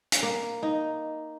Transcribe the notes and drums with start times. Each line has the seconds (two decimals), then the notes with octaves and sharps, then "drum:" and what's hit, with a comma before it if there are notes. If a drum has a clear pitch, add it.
0.12 drum: hi-hat
0.23 A#3
0.63 D#4